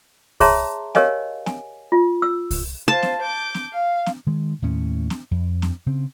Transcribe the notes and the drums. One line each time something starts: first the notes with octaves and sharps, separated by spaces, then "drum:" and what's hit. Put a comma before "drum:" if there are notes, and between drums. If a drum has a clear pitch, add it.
G#4 C#5 E5 A5 A#5 C6, drum: kick C2, open hi-hat
G4 A#4 C#5 D#5 F5 G#5, drum: snare
G#5, drum: snare
F4
E6
drum: kick C2, open hi-hat
F4 C5 A5
drum: snare
D6 G6
drum: snare
F5
drum: snare
D#3 G#3
D#2 A2 C#4
drum: snare
F2
drum: snare
C#3 C4